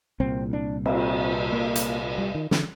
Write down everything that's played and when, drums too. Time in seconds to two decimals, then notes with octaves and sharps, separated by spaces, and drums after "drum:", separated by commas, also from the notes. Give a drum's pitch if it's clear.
0.20 C2 A#2 C4
0.53 D4
0.86 C4, drum: cymbal
1.52 A#3
1.75 drum: hi-hat
2.18 G3
2.35 D#3
2.51 D3, drum: snare